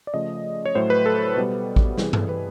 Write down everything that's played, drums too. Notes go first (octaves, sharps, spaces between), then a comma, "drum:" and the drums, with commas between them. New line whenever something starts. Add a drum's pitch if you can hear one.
D5
C#3 F3 A3 D#5
C#5
A2 F#3 A3 C5
B4
A4
B2 G3 B3
drum: kick A1
C3 E3 G3 G#4, drum: snare
A4, drum: tom G2
B4